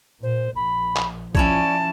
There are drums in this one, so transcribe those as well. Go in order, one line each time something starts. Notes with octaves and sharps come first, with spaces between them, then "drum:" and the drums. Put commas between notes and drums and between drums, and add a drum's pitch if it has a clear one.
A#2 C5
A#1 B5
drum: clap
F3 C#4 E4 C#5 D5 A5, drum: kick A#1